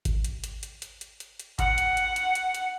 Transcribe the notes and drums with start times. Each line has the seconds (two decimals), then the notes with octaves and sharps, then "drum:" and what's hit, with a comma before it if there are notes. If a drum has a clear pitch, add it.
0.05 drum: kick G#1, hi-hat
0.24 drum: hi-hat
0.44 drum: hi-hat
0.63 drum: hi-hat
0.82 drum: hi-hat
1.01 drum: hi-hat
1.20 drum: hi-hat
1.39 drum: hi-hat
1.59 F#5, drum: kick G#1, hi-hat
1.78 drum: hi-hat
1.97 drum: hi-hat
2.16 drum: hi-hat
2.35 drum: hi-hat
2.55 drum: hi-hat